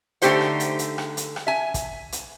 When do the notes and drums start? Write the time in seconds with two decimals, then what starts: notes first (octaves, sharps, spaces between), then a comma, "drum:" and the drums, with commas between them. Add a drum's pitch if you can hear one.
0.22 D3 A3 D#4 G4 C5 F#5, drum: hi-hat
0.41 drum: rim click
0.60 drum: hi-hat
0.79 drum: hi-hat
0.98 drum: rim click
1.17 drum: hi-hat
1.36 drum: rim click
1.47 E5 G#5
1.74 drum: kick, hi-hat
2.12 drum: hi-hat